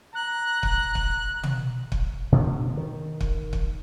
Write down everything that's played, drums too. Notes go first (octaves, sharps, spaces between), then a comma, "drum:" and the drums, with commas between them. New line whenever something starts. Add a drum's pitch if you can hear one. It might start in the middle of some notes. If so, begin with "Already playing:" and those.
A#5 F#6
drum: kick
drum: kick
drum: tom
drum: kick
B2 D3 D#3 F#3
D#3
drum: kick
drum: kick